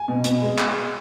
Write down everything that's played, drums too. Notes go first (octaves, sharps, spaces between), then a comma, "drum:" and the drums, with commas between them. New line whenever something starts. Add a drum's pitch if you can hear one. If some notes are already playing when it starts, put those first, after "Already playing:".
Already playing: G#5
B2
B2, drum: hi-hat
G#3
drum: clap